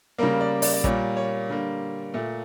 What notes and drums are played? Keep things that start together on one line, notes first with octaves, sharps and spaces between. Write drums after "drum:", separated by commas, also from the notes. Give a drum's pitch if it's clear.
C#3 G3 A#3 A#4
D5
D5, drum: open hi-hat
D5
A#2 G3 A#3 C#5, drum: kick
C#5
D3 G3 A#3
A#2 A3